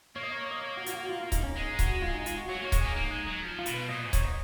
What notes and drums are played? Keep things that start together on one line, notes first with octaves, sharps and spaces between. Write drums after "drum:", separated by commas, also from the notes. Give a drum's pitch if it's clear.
A#3 C#5
D#5
C#5
D#5
C#5
F#4
F4, drum: hi-hat
F#4
F4
F4
D#4, drum: kick C#1, hi-hat
C#4
G#3 D#4
F#4, drum: kick C#1, hi-hat
F4
D#4
F4, drum: hi-hat
F#4
F#3 C#5
A#3 C#5
G#3, drum: kick C#1, hi-hat
A#3 G#4
A#3 D#4
G#3
F#3
F3
F4
B2, drum: hi-hat
B4
A#2 D#5
D#5
G#2
C#5, drum: kick C#1, hi-hat
D#5